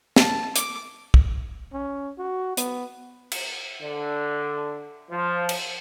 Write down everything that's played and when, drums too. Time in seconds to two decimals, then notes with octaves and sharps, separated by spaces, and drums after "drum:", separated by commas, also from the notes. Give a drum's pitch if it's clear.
0.16 A5, drum: snare
0.56 D6, drum: hi-hat
1.14 drum: kick
1.73 C#4
2.18 F#4
2.57 B3, drum: hi-hat
3.31 drum: cymbal
3.81 D3
5.10 F3
5.49 drum: cymbal